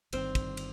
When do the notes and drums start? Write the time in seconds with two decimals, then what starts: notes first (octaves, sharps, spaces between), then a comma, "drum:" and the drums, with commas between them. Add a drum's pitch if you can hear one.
0.13 G1 G2 D#3 C4, drum: cymbal
0.35 drum: kick, cymbal
0.57 drum: cymbal